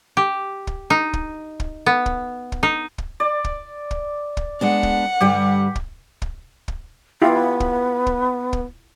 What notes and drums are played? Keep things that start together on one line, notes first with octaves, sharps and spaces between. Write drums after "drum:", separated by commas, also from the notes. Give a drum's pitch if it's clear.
G4
drum: kick
D#4
drum: kick
drum: kick
B3
drum: kick
drum: kick
D#4
drum: kick
D5
drum: kick
drum: kick
drum: kick
G#3 B3 D4 F#5
drum: kick
G2 D3 G3 G4
drum: kick
drum: kick
drum: kick
B3 E4 F4 G4
drum: kick
drum: kick
drum: kick